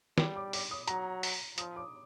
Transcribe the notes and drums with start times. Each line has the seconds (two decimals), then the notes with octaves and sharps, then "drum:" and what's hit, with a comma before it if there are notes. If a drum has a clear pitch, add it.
0.18 G3 D6, drum: snare
0.36 D6
0.53 D6, drum: open hi-hat
0.71 D#6
0.87 F#3 A#5, drum: hi-hat
1.23 drum: open hi-hat
1.58 F3 D#6, drum: hi-hat
1.76 D6